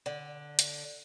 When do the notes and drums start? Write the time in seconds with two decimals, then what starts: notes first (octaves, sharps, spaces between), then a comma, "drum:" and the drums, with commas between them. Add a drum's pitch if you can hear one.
0.06 D3
0.59 drum: hi-hat